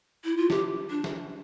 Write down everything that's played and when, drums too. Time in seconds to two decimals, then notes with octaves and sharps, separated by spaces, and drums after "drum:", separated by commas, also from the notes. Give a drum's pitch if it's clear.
0.25 E4
0.37 F4
0.50 G4, drum: snare
0.90 D4
1.04 drum: snare